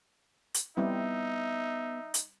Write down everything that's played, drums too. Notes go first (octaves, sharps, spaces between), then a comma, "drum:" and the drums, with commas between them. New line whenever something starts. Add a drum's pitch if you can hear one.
drum: hi-hat
G3 B3 C4 D#4 E4 E5
drum: hi-hat